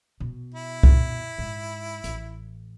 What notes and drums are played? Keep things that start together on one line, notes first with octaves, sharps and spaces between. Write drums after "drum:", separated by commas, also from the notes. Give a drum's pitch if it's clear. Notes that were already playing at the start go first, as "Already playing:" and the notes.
B2
E4
drum: kick C2
G#2
A1, drum: hi-hat